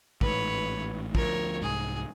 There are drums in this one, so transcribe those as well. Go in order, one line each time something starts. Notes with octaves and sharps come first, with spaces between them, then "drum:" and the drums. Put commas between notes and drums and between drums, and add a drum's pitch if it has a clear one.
A1 G#2 B4 C#5, drum: kick
D2 F3 A#4 C#5, drum: kick
C2 G#2 G#4